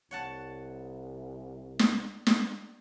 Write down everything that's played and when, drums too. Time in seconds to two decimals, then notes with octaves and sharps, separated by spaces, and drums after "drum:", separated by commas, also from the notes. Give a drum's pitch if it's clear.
0.11 C2 C#5 F#5 A5
1.79 drum: snare
2.27 drum: snare